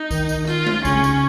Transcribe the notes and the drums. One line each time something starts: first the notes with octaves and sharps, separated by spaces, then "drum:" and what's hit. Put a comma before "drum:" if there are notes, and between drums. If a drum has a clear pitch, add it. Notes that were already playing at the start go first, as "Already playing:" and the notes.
Already playing: D#4
D#3, drum: kick, tambourine
drum: tambourine
F4, drum: rim click
drum: tom G#3
C#3 C#4, drum: kick, tambourine
drum: tambourine